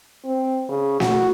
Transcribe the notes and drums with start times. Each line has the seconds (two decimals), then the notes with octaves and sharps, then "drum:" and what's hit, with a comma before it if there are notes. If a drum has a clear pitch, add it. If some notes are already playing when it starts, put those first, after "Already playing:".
0.25 C4
0.69 C#3
1.00 F#4, drum: snare